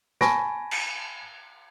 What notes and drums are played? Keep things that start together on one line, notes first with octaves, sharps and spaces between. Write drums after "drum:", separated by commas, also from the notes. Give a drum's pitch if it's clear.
G#5 A5 B5 C#6 A#6 D7, drum: snare
drum: cymbal